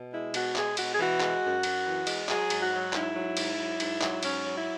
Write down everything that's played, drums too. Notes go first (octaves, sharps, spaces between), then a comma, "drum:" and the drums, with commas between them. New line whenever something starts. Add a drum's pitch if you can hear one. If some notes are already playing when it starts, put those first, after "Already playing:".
Already playing: B2
G#3 E4
B2 F#4, drum: cymbal
G#3 G#4, drum: clap
B2 F#4, drum: cymbal
G#4
E3 F#4
G#3, drum: clap
F#2
F#2, drum: cymbal
E3
G#3, drum: cymbal
F#3 G#4, drum: clap
G#2, drum: cymbal
F#4
F#3
G#2 E4, drum: clap
F#3
G#2, drum: cymbal
F#3
G#2, drum: cymbal
F#3, drum: clap
E4
G#2 C#4, drum: cymbal
F#3
E4